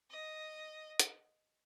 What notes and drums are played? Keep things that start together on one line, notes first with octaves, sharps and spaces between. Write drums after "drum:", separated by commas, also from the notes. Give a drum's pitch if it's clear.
D#5
drum: hi-hat